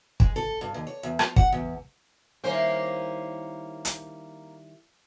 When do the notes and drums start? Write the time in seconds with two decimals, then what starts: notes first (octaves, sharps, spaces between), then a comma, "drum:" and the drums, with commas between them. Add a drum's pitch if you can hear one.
0.20 G#3, drum: kick
0.36 A4
0.61 G2
0.74 D#2
0.87 C#5
1.03 E2
1.19 F3, drum: rim click
1.36 F#5, drum: kick
1.52 E2
2.44 D#3 G3 A#3 C#4 E4 C5
3.85 drum: hi-hat